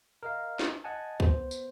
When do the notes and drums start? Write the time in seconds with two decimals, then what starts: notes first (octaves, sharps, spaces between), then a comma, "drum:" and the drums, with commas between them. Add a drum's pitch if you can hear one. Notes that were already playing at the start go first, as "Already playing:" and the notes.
0.23 A#4 D#5 F5
0.59 drum: snare
0.84 D#5 F#5 G#5 A5
1.20 B3 C5, drum: kick
1.51 drum: tambourine